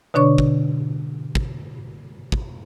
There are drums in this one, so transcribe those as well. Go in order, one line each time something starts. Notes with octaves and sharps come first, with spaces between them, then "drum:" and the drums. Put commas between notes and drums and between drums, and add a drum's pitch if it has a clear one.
B2 D3 D4 C#5 C#6
drum: kick
drum: kick
drum: kick